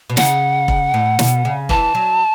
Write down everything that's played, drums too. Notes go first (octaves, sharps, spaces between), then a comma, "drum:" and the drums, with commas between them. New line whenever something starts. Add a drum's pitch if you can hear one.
B2
C#3 F#5, drum: snare
drum: kick
A2
B2, drum: snare
C#3
E3 A5, drum: kick
F#3